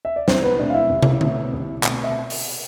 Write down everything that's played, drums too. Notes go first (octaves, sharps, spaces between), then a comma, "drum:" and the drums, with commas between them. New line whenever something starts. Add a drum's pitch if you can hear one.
E5
D5
C2 C4 C5, drum: snare
B3 B4
B2 A3 C4 D4 D5
F5
E4 E5
C2
drum: tom
B2 A3 C4, drum: tom D3
C2
B2 A3 C4, drum: clap
E5
drum: open hi-hat